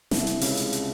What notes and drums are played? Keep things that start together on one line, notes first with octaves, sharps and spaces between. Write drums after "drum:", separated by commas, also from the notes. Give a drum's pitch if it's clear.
C2 C3, drum: snare
drum: hi-hat
C#2 C#3, drum: open hi-hat
drum: hi-hat
drum: hi-hat